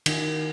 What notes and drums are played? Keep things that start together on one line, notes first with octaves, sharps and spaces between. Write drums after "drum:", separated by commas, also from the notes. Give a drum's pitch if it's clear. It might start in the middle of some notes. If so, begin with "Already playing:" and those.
D#3, drum: cymbal